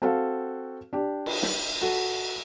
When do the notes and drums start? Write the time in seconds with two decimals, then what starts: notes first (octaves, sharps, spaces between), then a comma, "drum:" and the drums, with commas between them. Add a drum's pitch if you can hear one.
0.02 C4 F#4 A4 F5
0.93 D4 G4
1.26 drum: cymbal
1.43 drum: snare
1.81 F#4 A4